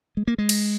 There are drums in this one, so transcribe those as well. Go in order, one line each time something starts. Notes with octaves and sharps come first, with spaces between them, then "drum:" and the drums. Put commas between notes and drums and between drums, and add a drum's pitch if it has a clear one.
G#3
A#3
G#3
drum: cymbal